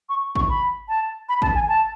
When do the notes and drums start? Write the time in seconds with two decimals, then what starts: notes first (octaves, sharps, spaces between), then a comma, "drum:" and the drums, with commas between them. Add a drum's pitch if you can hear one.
0.09 C#6
0.35 C#6, drum: kick
0.49 B5
0.89 A5
1.29 B5
1.42 A5, drum: kick
1.55 G#5
1.68 A5